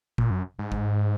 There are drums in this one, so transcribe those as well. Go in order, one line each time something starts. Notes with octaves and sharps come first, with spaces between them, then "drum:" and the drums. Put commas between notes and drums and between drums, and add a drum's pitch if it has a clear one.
A#2, drum: kick G1
F#2
G#2
drum: kick G1